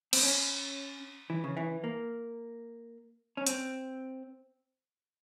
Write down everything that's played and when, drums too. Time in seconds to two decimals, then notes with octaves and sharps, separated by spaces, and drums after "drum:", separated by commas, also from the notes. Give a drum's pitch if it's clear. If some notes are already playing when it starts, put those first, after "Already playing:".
0.13 C4, drum: cymbal
0.23 C#4
1.30 E3
1.44 C#3
1.57 E3
1.84 A#3
3.37 C#4
3.47 C4, drum: hi-hat